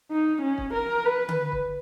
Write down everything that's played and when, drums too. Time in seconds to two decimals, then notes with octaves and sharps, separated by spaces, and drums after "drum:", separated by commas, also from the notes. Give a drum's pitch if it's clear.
0.11 D#4
0.41 C#4
0.58 drum: kick
0.73 A#4
1.05 B4
1.28 drum: tom D3
1.52 drum: kick